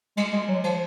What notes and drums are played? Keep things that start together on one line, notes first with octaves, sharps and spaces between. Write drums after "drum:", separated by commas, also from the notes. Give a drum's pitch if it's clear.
G#3, drum: cymbal
G#3
F#3
F3, drum: cymbal